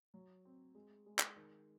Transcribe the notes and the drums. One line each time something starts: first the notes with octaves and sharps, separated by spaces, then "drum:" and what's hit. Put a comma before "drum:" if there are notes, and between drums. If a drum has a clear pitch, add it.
F#3
C4
G#3
G#3
drum: clap
D#3